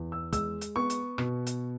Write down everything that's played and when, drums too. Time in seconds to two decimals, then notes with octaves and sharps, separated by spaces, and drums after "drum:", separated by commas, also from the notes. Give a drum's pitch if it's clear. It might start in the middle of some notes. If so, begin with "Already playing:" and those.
Already playing: E2
0.12 E6
0.33 G#3 E6, drum: kick, hi-hat
0.61 drum: hi-hat
0.76 B3 C#6
0.90 drum: hi-hat
1.18 B2, drum: rim click
1.46 drum: hi-hat